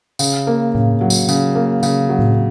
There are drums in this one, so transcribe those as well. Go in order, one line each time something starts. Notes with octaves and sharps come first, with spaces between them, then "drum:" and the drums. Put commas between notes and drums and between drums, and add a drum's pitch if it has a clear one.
C#3, drum: tambourine
A#3
C#3, drum: tom A2
F#3
drum: tambourine
C#3, drum: tambourine
A#3
C#3, drum: tambourine
F#3
drum: tom A2